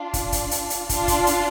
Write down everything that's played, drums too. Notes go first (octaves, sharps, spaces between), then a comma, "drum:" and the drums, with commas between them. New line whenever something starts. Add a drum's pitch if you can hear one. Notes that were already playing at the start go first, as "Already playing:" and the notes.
Already playing: D4 F4
drum: kick, hi-hat
drum: kick, hi-hat
drum: hi-hat
drum: hi-hat
D4 F4, drum: kick, hi-hat
drum: kick, hi-hat
drum: hi-hat